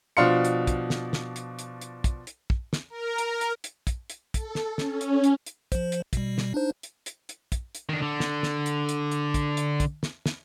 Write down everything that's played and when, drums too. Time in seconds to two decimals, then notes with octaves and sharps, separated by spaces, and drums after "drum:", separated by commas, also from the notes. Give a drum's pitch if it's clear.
0.17 B2 F3 D4 F5 C6 C#7
0.45 drum: hi-hat
0.67 drum: kick, hi-hat
0.90 drum: snare
1.13 drum: snare
1.36 drum: hi-hat
1.59 drum: hi-hat
1.81 drum: hi-hat
2.04 drum: kick, hi-hat
2.27 drum: hi-hat
2.50 drum: kick
2.73 drum: snare
2.90 A#4
3.18 drum: hi-hat
3.41 drum: hi-hat
3.64 drum: hi-hat
3.87 drum: kick, hi-hat
4.10 drum: hi-hat
4.34 A4, drum: kick, hi-hat
4.55 drum: snare
4.78 C#4, drum: snare
5.01 drum: hi-hat
5.24 drum: hi-hat
5.46 drum: hi-hat
5.72 F3 C5, drum: kick, hi-hat
5.92 drum: hi-hat
6.13 B2 G3, drum: kick, hi-hat
6.38 drum: snare
6.54 D4 D#4 C5
6.83 drum: hi-hat
7.06 drum: hi-hat
7.29 drum: hi-hat
7.52 drum: kick, hi-hat
7.75 drum: hi-hat
7.89 D#3 D4
8.02 D3
8.20 drum: snare
8.43 drum: snare
8.66 drum: hi-hat
8.89 drum: hi-hat
9.12 drum: hi-hat
9.34 drum: kick, hi-hat
9.57 drum: hi-hat
9.80 drum: kick, hi-hat
10.03 drum: snare
10.26 drum: snare